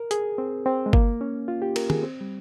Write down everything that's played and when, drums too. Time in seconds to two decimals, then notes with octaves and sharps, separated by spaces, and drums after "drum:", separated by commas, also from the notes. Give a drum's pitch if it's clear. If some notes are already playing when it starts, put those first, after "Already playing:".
Already playing: A#4
0.11 G#4, drum: hi-hat
0.38 C4
0.66 C4
0.86 G#3
0.93 A#3, drum: kick G1
1.21 C#4
1.48 F4
1.62 G4
1.76 A#4, drum: cymbal
1.90 G#4, drum: tom
2.03 C4
2.21 G3